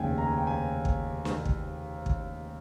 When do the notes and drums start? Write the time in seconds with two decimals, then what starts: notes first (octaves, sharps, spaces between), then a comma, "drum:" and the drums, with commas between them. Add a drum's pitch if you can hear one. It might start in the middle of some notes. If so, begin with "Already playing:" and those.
Already playing: F1 D#2 C#3 G5 G#5
0.18 A#5
0.27 G#5
0.38 G5
0.47 G#5
0.85 drum: kick
1.25 drum: snare
1.45 drum: kick
2.06 drum: kick